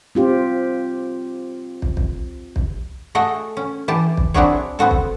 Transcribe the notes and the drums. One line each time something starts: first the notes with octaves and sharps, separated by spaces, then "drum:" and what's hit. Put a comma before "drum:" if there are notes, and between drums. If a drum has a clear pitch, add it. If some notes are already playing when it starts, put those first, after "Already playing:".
C4 F4 G4
drum: kick
drum: kick
drum: kick
A3 F#4 G#4 A4 D#5 F#5
C#4
E3 G4 A5
drum: kick
C4 D4 E4 F#4 G#4 C#5, drum: kick
B3 C4 F#4 A4
drum: kick